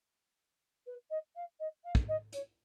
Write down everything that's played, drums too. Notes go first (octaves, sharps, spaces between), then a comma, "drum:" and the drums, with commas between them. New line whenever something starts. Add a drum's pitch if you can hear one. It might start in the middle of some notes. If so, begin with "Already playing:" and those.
B4
D#5
F5
D#5
F5
drum: kick
D#5
C#5, drum: hi-hat